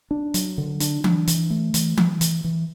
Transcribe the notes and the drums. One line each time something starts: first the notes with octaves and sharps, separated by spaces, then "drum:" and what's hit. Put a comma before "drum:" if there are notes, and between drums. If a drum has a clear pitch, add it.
D4
F#3, drum: hi-hat
D3
D4, drum: hi-hat
D4, drum: tom E3
E3, drum: hi-hat
A3
E3, drum: hi-hat
E3, drum: tom E3
E3, drum: hi-hat
E3